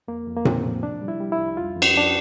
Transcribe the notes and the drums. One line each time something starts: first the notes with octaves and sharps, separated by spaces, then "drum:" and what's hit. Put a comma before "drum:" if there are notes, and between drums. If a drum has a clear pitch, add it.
F2 A#3
F2
A#3
F2 C4, drum: tom A#2
F3
C3 D4
G3
E4
G3
E4
C2
F2 F4
F2
D4, drum: cymbal
F2 D4